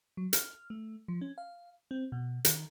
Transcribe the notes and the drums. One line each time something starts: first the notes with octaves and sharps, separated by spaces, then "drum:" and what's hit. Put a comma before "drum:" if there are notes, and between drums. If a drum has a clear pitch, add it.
F#3
F6, drum: hi-hat
A3
F3
C#4
F5
C4
B2
D#3, drum: hi-hat